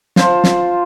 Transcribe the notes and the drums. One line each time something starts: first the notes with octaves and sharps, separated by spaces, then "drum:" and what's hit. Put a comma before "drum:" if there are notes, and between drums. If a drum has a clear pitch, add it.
F4 C5 A5, drum: snare
drum: snare